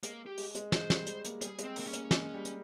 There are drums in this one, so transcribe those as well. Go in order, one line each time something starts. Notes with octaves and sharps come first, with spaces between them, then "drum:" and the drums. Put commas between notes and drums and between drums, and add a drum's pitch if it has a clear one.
G#3 A#3, drum: hi-hat
G4
G#3, drum: open hi-hat
G#3, drum: hi-hat
G#3 C5, drum: snare
G3, drum: snare
G#3, drum: hi-hat
A#3, drum: hi-hat
G3 G#4, drum: hi-hat
G#3, drum: hi-hat
C4
A#3, drum: open hi-hat
C4
C#4
A#3, drum: hi-hat
G#3, drum: snare
G3
drum: hi-hat